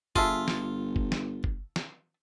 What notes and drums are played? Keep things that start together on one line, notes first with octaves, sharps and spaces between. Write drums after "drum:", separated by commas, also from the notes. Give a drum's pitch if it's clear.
G1 F4 G#4 A4 E5, drum: kick
drum: snare
drum: kick
drum: snare
drum: kick
drum: snare